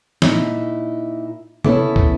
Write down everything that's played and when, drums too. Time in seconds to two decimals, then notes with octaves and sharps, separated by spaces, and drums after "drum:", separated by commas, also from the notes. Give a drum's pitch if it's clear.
0.22 A#2 D#4 E4, drum: snare
1.65 B3 C#4 E4 G#4 A4, drum: tom
1.96 drum: kick